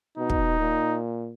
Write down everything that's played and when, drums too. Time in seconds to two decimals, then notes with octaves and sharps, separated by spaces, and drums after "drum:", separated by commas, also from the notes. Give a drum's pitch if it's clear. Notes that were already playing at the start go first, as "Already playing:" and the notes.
0.17 B2 D#4
0.30 drum: kick
0.59 A#2